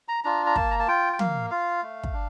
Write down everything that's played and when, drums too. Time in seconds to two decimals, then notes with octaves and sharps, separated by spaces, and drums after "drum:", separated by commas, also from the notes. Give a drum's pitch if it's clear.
0.08 A#5
0.24 D4 F4 A#5
0.46 A#5
0.56 A#3 A5, drum: kick
0.71 A#5
0.79 A5
0.88 F4 G5
1.13 G5
1.19 A#3 F5, drum: tom
1.50 F4 F5
1.82 A3
2.04 drum: kick
2.13 D4